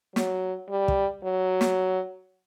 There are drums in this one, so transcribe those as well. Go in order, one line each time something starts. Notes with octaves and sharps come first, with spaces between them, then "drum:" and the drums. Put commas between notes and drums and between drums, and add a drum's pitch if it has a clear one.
F#3, drum: snare
G3
drum: kick
F#3
drum: snare